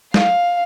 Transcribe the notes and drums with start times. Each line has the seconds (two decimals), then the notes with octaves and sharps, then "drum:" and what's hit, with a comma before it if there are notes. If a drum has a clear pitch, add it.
0.14 F5, drum: snare